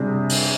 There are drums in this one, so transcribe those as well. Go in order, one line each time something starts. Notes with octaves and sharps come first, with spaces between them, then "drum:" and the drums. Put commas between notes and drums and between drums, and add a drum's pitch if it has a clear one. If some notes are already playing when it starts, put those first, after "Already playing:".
Already playing: C3 G3 D4 G#4
drum: open hi-hat